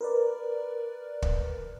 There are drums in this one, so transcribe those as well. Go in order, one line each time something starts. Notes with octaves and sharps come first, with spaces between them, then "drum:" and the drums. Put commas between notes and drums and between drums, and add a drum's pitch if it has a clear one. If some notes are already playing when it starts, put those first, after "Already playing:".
A#4 B4 D5
drum: kick